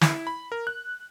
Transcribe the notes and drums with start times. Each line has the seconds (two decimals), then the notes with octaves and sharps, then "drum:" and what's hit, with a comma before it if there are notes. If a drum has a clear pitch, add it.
0.01 E4, drum: snare
0.27 B5
0.52 A#4
0.67 F#6